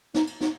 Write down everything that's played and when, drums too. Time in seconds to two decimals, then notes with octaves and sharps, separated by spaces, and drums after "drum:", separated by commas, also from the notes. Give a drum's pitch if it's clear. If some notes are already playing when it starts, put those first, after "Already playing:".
0.14 D#4, drum: snare
0.27 drum: cymbal
0.41 D#4, drum: snare